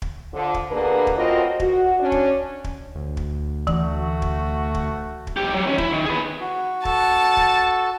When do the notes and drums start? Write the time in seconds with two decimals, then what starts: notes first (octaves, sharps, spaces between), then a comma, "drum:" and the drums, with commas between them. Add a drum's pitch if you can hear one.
0.02 drum: kick
0.33 D3 F3
0.54 drum: kick
0.70 B2 D3 A#3 D4 G#4 B4
1.07 drum: kick
1.16 A2 C4 F4 F#4 A#4 D#5
1.60 F#4, drum: kick
1.99 C#4 D4
2.12 drum: kick
2.64 drum: kick
2.95 D2
3.17 drum: kick
3.67 E3 A3 F#4, drum: kick
4.22 drum: kick
4.74 drum: kick
5.27 drum: kick
5.37 B1 G4
5.54 F#3
5.67 D#3 C#4
5.78 E4, drum: kick
5.93 D#3
6.05 G#4 B4
6.40 F#4
6.85 F#4 A4 A5, drum: kick
7.37 drum: kick